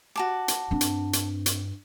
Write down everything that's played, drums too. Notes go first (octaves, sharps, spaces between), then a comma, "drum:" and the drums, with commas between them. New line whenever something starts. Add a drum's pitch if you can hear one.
F#4 A5 D6
drum: hi-hat
G2 C4 D4
drum: hi-hat
drum: hi-hat
drum: hi-hat